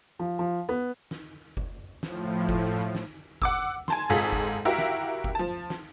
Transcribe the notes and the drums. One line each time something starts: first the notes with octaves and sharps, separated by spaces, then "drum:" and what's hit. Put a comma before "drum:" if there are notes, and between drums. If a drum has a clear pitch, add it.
F3
F3
B3
drum: snare
drum: kick F#1
A2 F3, drum: snare
drum: kick F#1
drum: snare
F#5 D6 E6, drum: kick F#1
G#5 A5 C6, drum: snare
G#1 G#2 F4 G#4 A4 B6
drum: kick F#1
E4 F#4 G4 A#4 E5 F5
drum: snare
drum: kick F#1
F3 A5
drum: snare